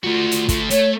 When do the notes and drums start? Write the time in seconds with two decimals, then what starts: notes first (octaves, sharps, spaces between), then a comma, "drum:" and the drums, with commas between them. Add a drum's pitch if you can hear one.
0.04 A3 F4 F#4
0.31 drum: hi-hat
0.49 D3 A3, drum: kick, hi-hat
0.70 A3 C#5, drum: hi-hat